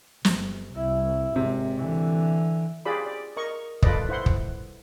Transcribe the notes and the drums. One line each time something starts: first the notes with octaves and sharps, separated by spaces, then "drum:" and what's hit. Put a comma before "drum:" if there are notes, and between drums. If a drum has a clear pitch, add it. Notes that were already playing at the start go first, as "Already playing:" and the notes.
G1, drum: snare
C2 E4
G#1 C3
D3 E3
F4 G4 G#4 D5 B5
D5
A#4 D#5 C#6
F4 A4 B4 D5 D#5, drum: kick
E4 C5 F#5 C6
drum: kick